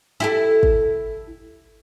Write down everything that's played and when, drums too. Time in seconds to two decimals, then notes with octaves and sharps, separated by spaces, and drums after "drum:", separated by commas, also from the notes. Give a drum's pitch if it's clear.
0.20 E4 G4 A4
0.63 drum: kick